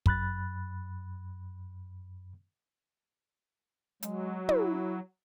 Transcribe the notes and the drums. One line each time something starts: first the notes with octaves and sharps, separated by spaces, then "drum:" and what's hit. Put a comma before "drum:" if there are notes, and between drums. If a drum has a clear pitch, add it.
F#2 B5 F#6 A6, drum: kick
F#3 G#3, drum: hi-hat
E4, drum: tom